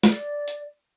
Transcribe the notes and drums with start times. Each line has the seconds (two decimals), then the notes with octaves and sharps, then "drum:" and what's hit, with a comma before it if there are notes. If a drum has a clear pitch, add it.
0.04 D5, drum: snare
0.48 drum: hi-hat